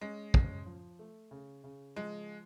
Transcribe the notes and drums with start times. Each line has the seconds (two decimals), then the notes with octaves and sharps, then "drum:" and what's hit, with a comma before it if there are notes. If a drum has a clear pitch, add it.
0.01 G#3 C#4
0.34 C#4, drum: kick
0.66 F3
0.99 A3
1.31 C#3
1.64 C#3
1.96 F3 G#3